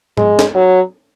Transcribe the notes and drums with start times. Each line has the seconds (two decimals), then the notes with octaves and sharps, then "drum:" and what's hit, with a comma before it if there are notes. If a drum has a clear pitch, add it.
0.17 G#3, drum: tom G#2
0.39 drum: snare
0.54 F#3